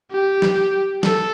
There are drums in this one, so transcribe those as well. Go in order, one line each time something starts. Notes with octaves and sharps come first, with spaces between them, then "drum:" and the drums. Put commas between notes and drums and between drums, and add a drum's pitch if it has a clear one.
G4
drum: snare
A4, drum: snare